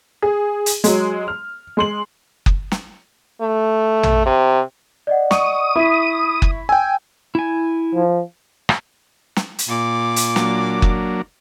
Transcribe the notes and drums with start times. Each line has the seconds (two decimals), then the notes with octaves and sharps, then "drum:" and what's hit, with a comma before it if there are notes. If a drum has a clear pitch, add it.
0.22 G#4
0.66 drum: hi-hat
0.84 F#3 G#3, drum: hi-hat
1.28 F6
1.77 G#3 C6 F#7
2.46 drum: kick F#1
2.72 drum: snare
3.41 A3
4.03 drum: tom
4.26 C3
5.07 D5 D#5 F#5
5.31 C#6 D#6, drum: snare
5.76 E4 B5 B6
6.42 drum: kick F#1
6.69 G5 G#5 E6
7.35 E4 G#5
7.95 F3
8.69 drum: rim click
9.36 drum: snare
9.59 drum: hi-hat
9.69 A#2 D6
10.16 drum: hi-hat
10.36 F#3 A#3 D4, drum: snare
10.82 drum: kick F#1